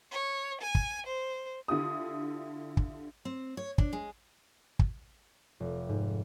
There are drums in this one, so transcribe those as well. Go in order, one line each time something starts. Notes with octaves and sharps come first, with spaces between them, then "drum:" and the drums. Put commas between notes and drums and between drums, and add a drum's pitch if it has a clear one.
C#5
G#5
drum: kick
C5
D3 E4 F4 G4 D#6
drum: kick
C4
C#5
D4, drum: kick
G#3
drum: kick
F1
G#2